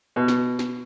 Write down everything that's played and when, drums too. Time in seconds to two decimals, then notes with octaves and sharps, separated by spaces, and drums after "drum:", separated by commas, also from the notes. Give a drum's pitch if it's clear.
0.16 B2
0.28 drum: snare
0.59 drum: snare